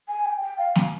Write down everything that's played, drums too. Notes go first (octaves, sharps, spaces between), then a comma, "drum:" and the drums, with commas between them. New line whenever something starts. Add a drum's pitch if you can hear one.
G#5
G5
G5
F5
drum: snare